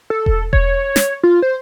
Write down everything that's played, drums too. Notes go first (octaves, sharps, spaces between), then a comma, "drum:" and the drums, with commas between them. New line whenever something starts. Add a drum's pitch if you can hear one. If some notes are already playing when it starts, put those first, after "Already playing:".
A4
drum: kick E1
C#5, drum: kick E1
drum: snare
F4
C5